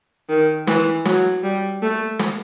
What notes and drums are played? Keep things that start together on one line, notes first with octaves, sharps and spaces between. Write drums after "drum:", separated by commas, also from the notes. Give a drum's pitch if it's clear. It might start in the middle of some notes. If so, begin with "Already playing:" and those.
D#3
E3, drum: snare
F#3, drum: snare
G3
A3
drum: snare